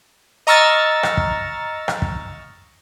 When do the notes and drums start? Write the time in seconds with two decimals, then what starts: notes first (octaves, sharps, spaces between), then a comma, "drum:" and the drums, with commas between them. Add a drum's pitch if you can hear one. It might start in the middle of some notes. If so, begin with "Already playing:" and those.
0.47 D#5 A#5 C#6 E6 F6 A6
1.03 drum: rim click
1.17 drum: kick
1.88 drum: rim click
2.02 drum: kick